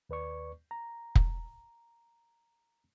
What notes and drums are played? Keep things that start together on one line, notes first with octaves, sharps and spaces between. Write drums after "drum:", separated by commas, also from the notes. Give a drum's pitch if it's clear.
D#2 B4 D5 C#6
A#5
drum: kick